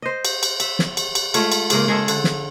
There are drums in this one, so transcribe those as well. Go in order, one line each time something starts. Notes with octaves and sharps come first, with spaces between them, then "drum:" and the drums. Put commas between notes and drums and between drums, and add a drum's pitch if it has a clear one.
C5 D#5
drum: cymbal
drum: cymbal
E5, drum: cymbal
drum: snare
drum: cymbal
drum: cymbal
G#3 A3 F4 C#5, drum: cymbal
drum: cymbal
G#2 C#3 G#3 A#3, drum: cymbal
G#3 G#4 A4
D3, drum: cymbal
drum: snare